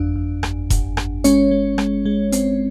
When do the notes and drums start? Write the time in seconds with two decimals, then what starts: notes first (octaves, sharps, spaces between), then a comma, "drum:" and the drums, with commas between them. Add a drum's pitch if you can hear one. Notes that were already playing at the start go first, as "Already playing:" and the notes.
Already playing: G1 F2 D4
0.16 F2
0.43 G1, drum: rim click
0.70 G1, drum: kick E1, hi-hat
0.97 G1, drum: rim click
1.24 G#3 C#4 C#5, drum: hi-hat
1.51 G#3
1.78 G#3, drum: rim click
2.05 G#3
2.32 C4, drum: hi-hat